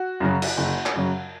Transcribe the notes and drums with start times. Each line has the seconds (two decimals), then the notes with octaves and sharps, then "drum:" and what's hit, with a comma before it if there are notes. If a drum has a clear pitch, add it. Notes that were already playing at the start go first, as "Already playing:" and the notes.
Already playing: F#4
0.20 F#2 C#3 F#3
0.42 drum: cymbal
0.58 F#1
0.86 drum: clap
0.95 F#2 C#3 F#3